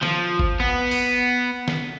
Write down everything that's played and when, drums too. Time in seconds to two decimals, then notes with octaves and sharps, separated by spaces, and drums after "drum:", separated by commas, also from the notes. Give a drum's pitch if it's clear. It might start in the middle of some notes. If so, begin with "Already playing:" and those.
0.03 F3, drum: snare
0.39 drum: kick G1
0.60 B3
0.91 drum: open hi-hat
1.68 drum: snare